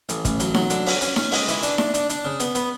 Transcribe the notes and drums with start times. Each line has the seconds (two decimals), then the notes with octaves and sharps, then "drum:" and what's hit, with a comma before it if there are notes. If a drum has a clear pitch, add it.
0.09 A1, drum: hi-hat
0.25 A1, drum: kick, hi-hat
0.40 F#3, drum: hi-hat
0.54 F#3, drum: snare D#4
0.70 D3, drum: hi-hat
0.86 C#4, drum: open hi-hat
1.01 C#4, drum: hi-hat
1.16 C#4, drum: snare D#4
1.32 G#3, drum: open hi-hat
1.48 E3, drum: hi-hat
1.63 D4, drum: hi-hat
1.78 D4, drum: snare D#4
1.94 D4, drum: hi-hat
2.10 D4, drum: hi-hat
2.25 C#3
2.40 B3, drum: hi-hat
2.55 B3, drum: hi-hat